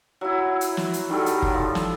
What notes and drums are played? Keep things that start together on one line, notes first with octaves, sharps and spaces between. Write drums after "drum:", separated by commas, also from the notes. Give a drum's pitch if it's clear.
F#3 E4
drum: hi-hat
drum: snare
drum: hi-hat
D#3 F#3 G3 A4
drum: hi-hat
drum: kick
F3
drum: snare